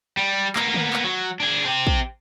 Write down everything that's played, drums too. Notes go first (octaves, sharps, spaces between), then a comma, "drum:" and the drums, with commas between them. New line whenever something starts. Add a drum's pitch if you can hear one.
G3
A#3 B3, drum: clap
drum: tom D3
drum: clap
F#3
D4 G#4
C4 G4
drum: kick